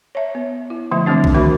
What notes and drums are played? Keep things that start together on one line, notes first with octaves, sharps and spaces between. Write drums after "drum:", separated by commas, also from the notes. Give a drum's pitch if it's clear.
C#5 E5
B3
E4
D3 F3 A3 E5
D3 E3 G3 A3 C4 D4
drum: kick B1
D#3 A3 F#4 A#4 E5 B5